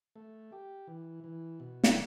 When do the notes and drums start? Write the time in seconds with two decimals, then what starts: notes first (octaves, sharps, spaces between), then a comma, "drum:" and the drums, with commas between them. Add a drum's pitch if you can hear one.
0.16 A3
0.52 G4
0.87 E3
1.24 E3
1.60 B2
1.84 drum: snare